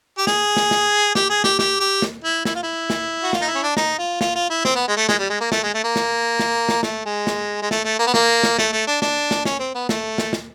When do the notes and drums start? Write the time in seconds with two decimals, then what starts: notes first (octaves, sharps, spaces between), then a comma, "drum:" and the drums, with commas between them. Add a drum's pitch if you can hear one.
0.18 G4
0.27 G#4, drum: snare
0.57 drum: snare
0.71 drum: snare
1.15 G4, drum: snare
1.29 G#4
1.44 G4, drum: snare
1.59 G4, drum: snare
1.80 G4
2.02 drum: snare
2.24 E4
2.45 E4, drum: snare
2.55 F4
2.63 E4
2.90 drum: snare
3.23 F#4
3.33 F4, drum: snare
3.42 D#4
3.48 E4
3.55 C#4
3.63 D4
3.77 D#4, drum: snare
3.98 F4
4.21 F4, drum: snare
4.36 F4
4.50 E4
4.65 C4, drum: snare
4.76 B3
4.88 G#3
4.97 A3
5.09 G#3, drum: snare
5.19 G3
5.30 G#3
5.41 A#3
5.52 A3, drum: snare
5.63 G#3
5.74 A3
5.84 A#3
5.96 drum: snare
6.39 drum: snare
6.69 drum: snare
6.83 A3, drum: snare
7.06 G#3
7.27 drum: snare
7.62 G#3
7.71 A3, drum: snare
7.85 A3
7.99 A#3
8.07 B3
8.14 A#3, drum: snare
8.43 drum: snare
8.58 A3, drum: snare
8.72 A3
8.87 D4
9.02 D4, drum: snare
9.31 drum: snare
9.45 C#4, drum: snare
9.59 C4
9.75 B3
9.89 A3, drum: snare
10.18 drum: snare
10.33 drum: snare